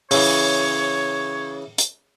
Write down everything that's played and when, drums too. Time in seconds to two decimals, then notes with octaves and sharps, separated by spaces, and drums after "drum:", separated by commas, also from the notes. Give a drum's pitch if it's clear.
0.11 C#3 E3 C#5, drum: open hi-hat
1.78 drum: hi-hat